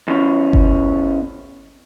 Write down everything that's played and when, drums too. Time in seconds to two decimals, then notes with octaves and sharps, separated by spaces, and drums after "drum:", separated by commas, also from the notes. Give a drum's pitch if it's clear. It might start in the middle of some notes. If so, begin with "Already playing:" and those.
0.08 E2 C#4
0.53 drum: kick G1